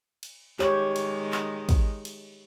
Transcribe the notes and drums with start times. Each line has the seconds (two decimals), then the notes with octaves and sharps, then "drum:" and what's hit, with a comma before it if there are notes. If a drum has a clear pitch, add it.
0.23 drum: cymbal
0.59 D#3 G#3 G4 C#5, drum: clap
0.96 drum: cymbal
1.32 drum: clap
1.69 drum: kick, cymbal
2.05 drum: cymbal